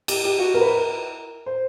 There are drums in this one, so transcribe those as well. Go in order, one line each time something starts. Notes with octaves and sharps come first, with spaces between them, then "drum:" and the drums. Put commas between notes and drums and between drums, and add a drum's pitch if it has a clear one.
G4, drum: cymbal
G4
F#4
A#4
B4
A#4
C5